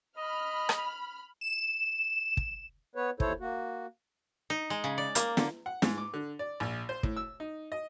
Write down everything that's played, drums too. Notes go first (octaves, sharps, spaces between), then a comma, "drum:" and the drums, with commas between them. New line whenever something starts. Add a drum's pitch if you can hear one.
D#5 B5 F6
drum: rim click
E7
drum: kick
B3 B4 C#5
D#2 E4 A4 C5 C#5, drum: kick
A#3 F#4
D#4
G#3
C#3
D5
A#3, drum: hi-hat
D3, drum: snare
F#5
G#2, drum: snare
D6
D3
D5
A#1
C5
A2, drum: kick
E6
D#4
D#5